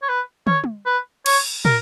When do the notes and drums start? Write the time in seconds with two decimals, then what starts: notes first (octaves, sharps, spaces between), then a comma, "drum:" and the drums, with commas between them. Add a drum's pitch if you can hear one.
0.02 C#5
0.09 B4
0.47 C#5, drum: tom
0.64 drum: tom
0.86 B4
1.26 C#5, drum: cymbal
1.65 A#4, drum: tom